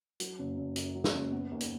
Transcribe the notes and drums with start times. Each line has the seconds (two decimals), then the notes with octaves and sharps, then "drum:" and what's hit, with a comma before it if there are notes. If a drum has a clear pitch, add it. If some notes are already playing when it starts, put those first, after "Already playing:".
0.20 F#3, drum: hi-hat
0.39 F#1
0.57 F#1
0.76 F#2, drum: hi-hat
0.95 F#3
1.04 drum: snare
1.14 F#1
1.32 B3
1.51 D#2
1.61 drum: hi-hat